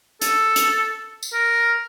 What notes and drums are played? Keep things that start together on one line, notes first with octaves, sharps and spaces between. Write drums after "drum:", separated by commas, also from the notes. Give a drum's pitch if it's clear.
A4, drum: hi-hat
drum: hi-hat
drum: tambourine
A#4